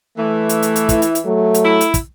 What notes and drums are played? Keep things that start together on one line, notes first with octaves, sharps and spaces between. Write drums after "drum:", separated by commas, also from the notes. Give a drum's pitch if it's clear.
E3 A3
drum: hi-hat
drum: hi-hat
drum: hi-hat
E4, drum: kick, hi-hat
drum: hi-hat
drum: hi-hat
F#3 A3
drum: hi-hat
E4
drum: hi-hat
drum: kick, hi-hat